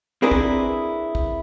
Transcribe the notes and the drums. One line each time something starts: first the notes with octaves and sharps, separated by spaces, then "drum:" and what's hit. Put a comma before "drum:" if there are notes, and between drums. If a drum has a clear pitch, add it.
C4 D4 E4 G#4 A#4 B4
drum: kick
drum: kick